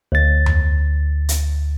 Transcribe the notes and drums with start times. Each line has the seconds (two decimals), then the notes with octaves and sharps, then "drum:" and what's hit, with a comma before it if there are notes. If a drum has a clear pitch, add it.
0.12 D2 A6
0.46 drum: tom E2
1.29 drum: hi-hat